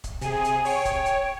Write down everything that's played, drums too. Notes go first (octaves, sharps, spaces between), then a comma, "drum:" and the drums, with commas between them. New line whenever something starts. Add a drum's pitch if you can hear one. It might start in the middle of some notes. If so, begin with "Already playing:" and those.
drum: kick, hi-hat
C3 G#4 G#5, drum: hi-hat
drum: hi-hat
C#5 G5, drum: open hi-hat
drum: kick, hi-hat
drum: hi-hat